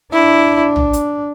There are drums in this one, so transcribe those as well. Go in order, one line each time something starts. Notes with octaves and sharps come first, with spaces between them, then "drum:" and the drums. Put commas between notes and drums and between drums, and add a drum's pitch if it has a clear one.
D4 E4
drum: tom A#1
drum: hi-hat